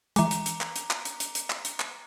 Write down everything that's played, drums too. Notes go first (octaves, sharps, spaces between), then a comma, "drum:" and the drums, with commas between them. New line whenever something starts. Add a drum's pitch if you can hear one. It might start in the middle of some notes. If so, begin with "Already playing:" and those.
E3 G#3 A#5 D6, drum: hi-hat
drum: hi-hat
drum: hi-hat
drum: clap
drum: hi-hat
drum: clap
drum: hi-hat
drum: hi-hat
drum: hi-hat
drum: clap
drum: hi-hat
drum: clap